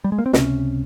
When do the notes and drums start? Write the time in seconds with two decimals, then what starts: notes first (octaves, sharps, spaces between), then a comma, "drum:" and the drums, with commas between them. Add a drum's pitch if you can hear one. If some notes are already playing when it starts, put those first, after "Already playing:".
0.04 G3
0.12 G#3
0.18 A#3
0.26 C4
0.33 C#2 C3 C#4, drum: snare